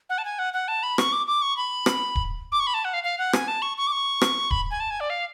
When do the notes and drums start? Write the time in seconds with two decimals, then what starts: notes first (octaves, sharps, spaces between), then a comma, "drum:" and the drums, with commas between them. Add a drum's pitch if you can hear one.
0.10 F#5
0.18 A5
0.25 G#5
0.39 F#5
0.54 F#5
0.68 A5
0.83 B5
0.98 C#6, drum: rim click
1.12 D6
1.27 D6
1.42 C#6
1.57 B5
1.86 drum: rim click
2.15 drum: kick D1
2.52 D6
2.60 C#6
2.67 B5
2.74 A5
2.85 F#5
2.94 F5
3.04 F5
3.18 F#5
3.33 G#5, drum: rim click
3.48 A5
3.62 C#6
3.77 C#6
3.87 D6
3.92 C#6
4.21 drum: rim click
4.51 B5, drum: kick D1
4.71 G#5
4.80 A5
4.90 G#5
5.00 D5
5.10 F5